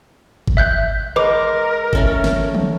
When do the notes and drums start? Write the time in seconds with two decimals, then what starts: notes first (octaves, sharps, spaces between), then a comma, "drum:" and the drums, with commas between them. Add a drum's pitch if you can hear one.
0.48 drum: kick G1
0.57 E5 F#6 G6
1.16 G#3 A#4 B4 D6
1.93 A3 C#4 A4, drum: kick G1
2.24 drum: snare
2.55 drum: tom